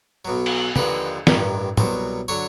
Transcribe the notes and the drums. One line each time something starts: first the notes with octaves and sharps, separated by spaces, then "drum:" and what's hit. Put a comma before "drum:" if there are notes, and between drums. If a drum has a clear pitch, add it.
B1 B2 F#3
drum: cymbal
D#2 D3 F3 B4, drum: tom
A1 G2 D#3, drum: snare
C2 B2 F#3 C5, drum: tom
D3 F#3 C#5